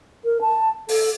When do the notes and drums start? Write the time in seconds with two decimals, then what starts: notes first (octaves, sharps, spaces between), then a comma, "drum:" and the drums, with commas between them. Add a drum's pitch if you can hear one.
0.25 A#4
0.41 A5
0.89 A4, drum: open hi-hat